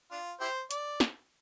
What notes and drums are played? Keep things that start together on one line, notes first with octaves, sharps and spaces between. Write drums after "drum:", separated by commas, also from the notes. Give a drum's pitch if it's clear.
D4 F4
E4 G4 C5
D5, drum: hi-hat
drum: snare